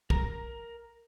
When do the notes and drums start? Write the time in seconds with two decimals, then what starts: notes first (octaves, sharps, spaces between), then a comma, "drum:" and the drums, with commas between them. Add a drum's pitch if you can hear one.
0.10 A#4 A#5, drum: kick